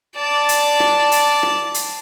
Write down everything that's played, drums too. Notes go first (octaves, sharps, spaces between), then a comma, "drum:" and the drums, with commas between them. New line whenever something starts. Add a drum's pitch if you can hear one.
D5 A5
drum: hi-hat
drum: rim click
drum: hi-hat
drum: rim click
drum: hi-hat